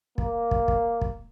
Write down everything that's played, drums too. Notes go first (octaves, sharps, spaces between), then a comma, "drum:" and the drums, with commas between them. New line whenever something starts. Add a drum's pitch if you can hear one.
A#3, drum: kick
drum: kick
drum: kick
drum: kick